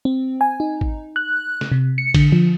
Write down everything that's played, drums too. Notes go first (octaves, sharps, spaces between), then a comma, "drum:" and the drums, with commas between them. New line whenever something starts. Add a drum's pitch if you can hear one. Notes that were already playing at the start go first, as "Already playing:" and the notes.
C4
G#5
D#4
drum: kick
F#6
drum: snare
C3
C#7
D3, drum: kick, cymbal
F3